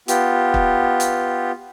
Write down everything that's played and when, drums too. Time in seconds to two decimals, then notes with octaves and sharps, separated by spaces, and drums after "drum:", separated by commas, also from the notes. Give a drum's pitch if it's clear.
0.08 B3 F4 G4, drum: hi-hat
0.54 drum: kick
1.00 drum: hi-hat